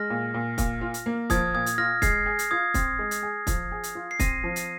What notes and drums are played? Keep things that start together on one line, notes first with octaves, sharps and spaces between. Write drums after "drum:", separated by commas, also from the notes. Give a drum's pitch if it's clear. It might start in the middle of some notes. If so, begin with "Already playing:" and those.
Already playing: G#3 F6 A#6
A#2
A#2
A#2, drum: kick, hi-hat
F4
drum: hi-hat
A#3
F3 D#6 G#6, drum: kick, hi-hat
A#2 D#6 G#6
drum: hi-hat
F4 F6 A#6
G#3 G#6 C7, drum: kick, hi-hat
G#4
drum: hi-hat
F4 D#6 G#6
C4, drum: kick, hi-hat
G#3
drum: hi-hat
G#4
F3, drum: kick, hi-hat
G#4
drum: hi-hat
F4
C7
C4 A#6 D#7, drum: kick, hi-hat
F3
drum: hi-hat